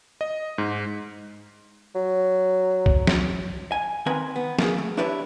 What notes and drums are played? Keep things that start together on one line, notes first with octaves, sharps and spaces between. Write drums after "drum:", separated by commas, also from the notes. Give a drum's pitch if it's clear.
D#5
G#2
F#3
drum: kick B1
drum: snare
G#5
D#3 C4 B4 G#5 A#5
B3
A#3 G#4, drum: snare
A3
D4 E4 G4 B4 C#5 D5